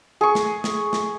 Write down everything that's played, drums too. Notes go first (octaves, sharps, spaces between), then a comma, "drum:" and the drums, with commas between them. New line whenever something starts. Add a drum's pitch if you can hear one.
G#4 C#6
drum: snare
drum: snare
drum: snare